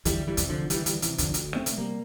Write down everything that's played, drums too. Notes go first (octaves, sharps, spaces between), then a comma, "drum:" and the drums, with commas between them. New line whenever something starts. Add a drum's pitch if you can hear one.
D2 E3 G3, drum: kick, hi-hat
E3 G3
C3, drum: kick, hi-hat
D3 F3
D2 E3 G3, drum: hi-hat
E3 G3, drum: hi-hat
C3 E3, drum: hi-hat
D3 F3, drum: kick, hi-hat
D2, drum: hi-hat
A3 C4
C3, drum: hi-hat
G3 A#3